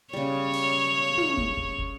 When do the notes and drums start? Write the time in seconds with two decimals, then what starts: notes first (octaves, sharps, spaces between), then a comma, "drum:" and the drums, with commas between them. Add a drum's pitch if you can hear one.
0.13 C#3 G3 C#5
0.53 drum: open hi-hat
1.18 drum: tom
1.37 drum: kick
1.57 drum: kick
1.78 drum: kick